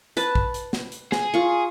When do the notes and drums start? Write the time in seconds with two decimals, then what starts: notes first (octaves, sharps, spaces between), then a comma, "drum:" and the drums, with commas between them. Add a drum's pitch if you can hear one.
0.17 B4 A5, drum: hi-hat
0.35 drum: kick
0.54 drum: hi-hat
0.73 drum: snare
0.92 drum: hi-hat
1.12 G#4, drum: snare
1.34 F4 C#6